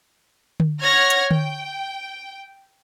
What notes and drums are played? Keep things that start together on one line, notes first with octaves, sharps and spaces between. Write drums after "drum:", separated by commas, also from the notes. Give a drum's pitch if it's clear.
drum: tom D3
C#5 F#5 F6 G#6 A#6
drum: hi-hat
G5, drum: tom D3